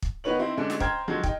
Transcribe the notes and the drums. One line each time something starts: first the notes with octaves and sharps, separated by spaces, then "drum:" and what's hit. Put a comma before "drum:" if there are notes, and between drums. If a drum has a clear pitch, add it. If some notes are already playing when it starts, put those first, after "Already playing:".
drum: kick
D#3 B3 D#4 B4 C#5 F#7
C4 D#4 E4
G#2 D3 C#4 D4
drum: snare
C5 G5 A#5 F6 G#6, drum: kick
D3 D#3 F3 F#3 G#3
D#4 G5, drum: kick